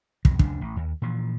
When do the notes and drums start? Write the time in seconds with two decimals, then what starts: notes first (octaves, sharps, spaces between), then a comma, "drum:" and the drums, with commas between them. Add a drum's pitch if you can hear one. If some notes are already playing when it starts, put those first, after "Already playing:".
0.25 B1 F2 F#3, drum: kick
0.39 D1 F#2 C#3 D4, drum: kick
0.61 A1
0.77 D#2
1.02 A#2 E3 F3